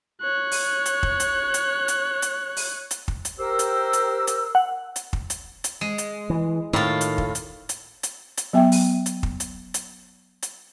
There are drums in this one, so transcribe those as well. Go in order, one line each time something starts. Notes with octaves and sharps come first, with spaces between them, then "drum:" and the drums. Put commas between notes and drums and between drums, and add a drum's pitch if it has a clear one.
C#5 F#6
drum: open hi-hat
drum: hi-hat
drum: kick
drum: hi-hat
drum: hi-hat
drum: hi-hat
drum: hi-hat
drum: open hi-hat
drum: hi-hat
drum: kick
drum: hi-hat
G4 A#4 C5 E6
drum: hi-hat
drum: hi-hat
drum: hi-hat
F#5
drum: hi-hat
drum: kick
drum: hi-hat
drum: hi-hat
G#3
drum: hi-hat
E3
A2 D#3 F4
drum: hi-hat
drum: kick
drum: hi-hat
drum: hi-hat
drum: hi-hat
drum: hi-hat
F#3 B3 E5 G5
drum: open hi-hat
drum: hi-hat
drum: kick
drum: hi-hat
drum: hi-hat
drum: hi-hat